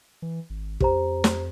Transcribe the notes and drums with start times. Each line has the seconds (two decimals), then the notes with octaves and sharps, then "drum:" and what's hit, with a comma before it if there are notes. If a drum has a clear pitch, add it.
0.22 E3
0.50 G#1
0.80 F2 G4 C5 A#5, drum: kick
1.24 drum: snare